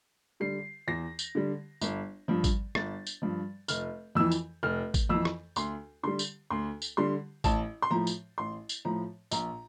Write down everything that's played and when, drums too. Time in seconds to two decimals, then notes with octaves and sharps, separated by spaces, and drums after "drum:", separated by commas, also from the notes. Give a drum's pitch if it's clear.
0.40 D3 G3 C7
0.88 E2 A#6
1.19 drum: tambourine
1.35 D3 G3
1.82 G1, drum: tambourine
2.28 G2 F3
2.44 drum: kick G#1, tambourine
2.75 G1 A6, drum: rim click
3.06 drum: tambourine
3.22 G2 F3
3.68 F1 F6, drum: tambourine
4.15 F2 E3 E6
4.32 drum: tambourine
4.63 F1 F6
4.94 drum: kick G#1, tambourine
5.09 F2 E3 E6
5.25 drum: rim click
5.56 D2 C6, drum: tambourine
6.03 D3 G3 C6
6.19 drum: tambourine
6.50 D2 C6
6.82 drum: tambourine
6.97 D3 G3 C6
7.44 A1 A5, drum: kick G#1, tambourine
7.82 C6
7.91 A2 F3 A#5
8.07 drum: tambourine
8.38 A1 C6
8.69 drum: tambourine
8.85 A2 F3 A#5
9.31 A#1 A#5, drum: tambourine